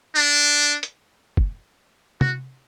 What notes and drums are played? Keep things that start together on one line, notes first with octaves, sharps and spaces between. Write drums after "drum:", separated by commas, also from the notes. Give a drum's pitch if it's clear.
D4
drum: hi-hat
drum: kick
F#4, drum: tom